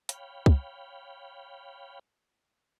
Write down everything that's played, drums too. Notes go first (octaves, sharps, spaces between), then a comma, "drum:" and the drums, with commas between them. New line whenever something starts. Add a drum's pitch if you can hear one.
C#5 F5 G5 B5, drum: hi-hat
drum: kick